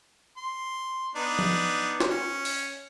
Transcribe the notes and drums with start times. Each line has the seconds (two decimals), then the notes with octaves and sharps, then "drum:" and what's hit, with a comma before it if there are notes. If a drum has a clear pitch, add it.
0.37 C6
1.16 B3 D4 D#4
1.39 drum: tom F3
2.00 drum: snare
2.10 C#4
2.45 drum: open hi-hat